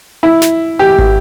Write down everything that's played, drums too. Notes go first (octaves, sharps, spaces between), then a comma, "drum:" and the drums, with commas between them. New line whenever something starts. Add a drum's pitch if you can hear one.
E4
drum: snare
G4
drum: kick